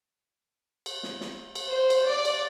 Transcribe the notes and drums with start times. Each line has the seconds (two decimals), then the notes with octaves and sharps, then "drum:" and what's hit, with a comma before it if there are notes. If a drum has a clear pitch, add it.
0.86 drum: cymbal
1.03 drum: snare
1.21 drum: snare
1.55 drum: cymbal
1.70 C5
1.90 drum: cymbal
2.08 D5
2.25 drum: cymbal